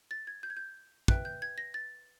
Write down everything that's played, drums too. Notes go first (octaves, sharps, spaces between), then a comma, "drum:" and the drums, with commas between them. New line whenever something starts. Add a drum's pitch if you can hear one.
A6
G#6
G6
G#6
G6
B4 E5 G5 F#6, drum: kick
G6
G#6
A#6
A6